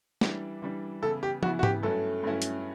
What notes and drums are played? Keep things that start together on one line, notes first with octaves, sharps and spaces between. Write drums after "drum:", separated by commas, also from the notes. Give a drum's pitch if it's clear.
E3 G3 D4, drum: snare
E3 G3 D4
C#3 E3 B3 E4 A4
G4
C#3 E3 B3 E4 F#4, drum: tom
F#4
G4, drum: tom G#2
G2 F#3 A3 C#4 E4 A4
G2 F#3 A3 C#4 E4
drum: hi-hat